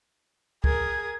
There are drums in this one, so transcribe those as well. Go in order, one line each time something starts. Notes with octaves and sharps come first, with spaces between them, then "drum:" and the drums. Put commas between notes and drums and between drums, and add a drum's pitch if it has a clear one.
G#4 A#4 G#6, drum: kick